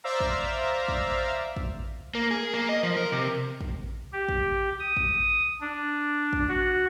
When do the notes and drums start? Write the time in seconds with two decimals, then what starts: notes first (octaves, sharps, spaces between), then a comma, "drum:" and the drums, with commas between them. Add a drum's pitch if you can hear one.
0.04 C5 D5 E5 F5 A#5
0.20 drum: kick
0.88 drum: kick
1.56 drum: kick
2.15 A#3
2.31 G#4
2.54 A#3
2.69 D#5
2.83 F3
2.97 A#4
3.12 C3
3.61 drum: kick
4.13 G4
4.29 drum: kick
4.80 D#6
4.97 drum: kick
5.61 D4
6.33 drum: kick
6.48 F#4